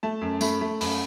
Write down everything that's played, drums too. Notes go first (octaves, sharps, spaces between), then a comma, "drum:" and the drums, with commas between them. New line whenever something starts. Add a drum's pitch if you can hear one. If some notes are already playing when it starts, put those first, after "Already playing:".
A3 A5
F#2
A3 B5, drum: tambourine
A3
F#2 B5, drum: open hi-hat